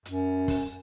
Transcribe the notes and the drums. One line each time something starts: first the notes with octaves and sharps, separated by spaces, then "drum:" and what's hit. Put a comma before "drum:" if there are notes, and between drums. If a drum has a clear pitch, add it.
F#2, drum: hi-hat
drum: kick, open hi-hat